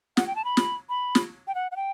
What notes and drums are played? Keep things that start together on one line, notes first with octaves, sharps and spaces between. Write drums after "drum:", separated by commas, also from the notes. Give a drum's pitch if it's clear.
F#5, drum: snare
G5
A5
B5
drum: snare
B5
drum: snare
G5
F#5
F#5
G5